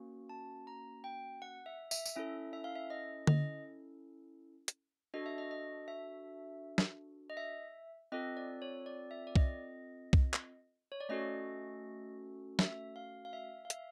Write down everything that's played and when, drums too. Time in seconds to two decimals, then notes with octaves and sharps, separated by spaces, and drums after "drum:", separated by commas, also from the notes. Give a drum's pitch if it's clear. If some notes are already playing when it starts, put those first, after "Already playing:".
Already playing: A#3 C#4 F#4
0.29 A5
0.67 A#5
1.04 G5
1.42 F#5
1.66 E5
1.91 E5, drum: tambourine
2.05 drum: tambourine
2.16 C#4 E4 A4 E5
2.53 E5
2.64 F5
2.76 E5
2.90 D#5
3.27 D#5, drum: tom D3
4.68 drum: hi-hat
5.14 D4 F#4 A4 D#5
5.26 E5
5.38 D#5
5.51 D#5
5.88 E5
6.78 drum: snare
7.30 D#5
7.37 E5
8.12 C4 F4 A4 D#5
8.37 D5
8.62 C#5
8.86 D5
9.11 E5
9.27 D5
9.36 D#5, drum: kick C2
10.13 drum: kick C2
10.34 drum: clap
10.92 C#5
11.00 D5
11.09 A3 C#4 F#4 A4 D#5
12.59 E5, drum: snare
12.96 F5
13.25 F5
13.33 E5
13.65 F5
13.70 E5, drum: hi-hat